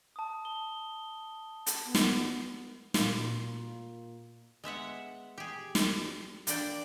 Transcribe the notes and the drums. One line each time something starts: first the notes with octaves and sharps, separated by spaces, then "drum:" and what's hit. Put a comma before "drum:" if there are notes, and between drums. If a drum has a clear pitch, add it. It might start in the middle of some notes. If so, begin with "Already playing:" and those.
A5 D#6
G7
drum: hi-hat
B3
drum: snare
A#2 A#3, drum: snare
G#3 B3 E5 F#5
G4 G#4
drum: snare
A#3 D4 D5 G5, drum: hi-hat